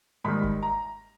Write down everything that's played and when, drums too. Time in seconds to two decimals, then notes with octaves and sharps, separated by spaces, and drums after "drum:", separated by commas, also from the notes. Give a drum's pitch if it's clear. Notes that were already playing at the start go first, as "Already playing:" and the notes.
0.24 G#2 D#3 G3 B5
0.43 drum: kick F#1
0.62 A#5